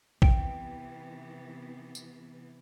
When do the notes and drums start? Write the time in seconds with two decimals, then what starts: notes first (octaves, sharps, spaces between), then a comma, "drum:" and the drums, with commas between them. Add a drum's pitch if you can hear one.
0.22 C3 E3 B3 G5 D7, drum: kick
1.95 drum: tambourine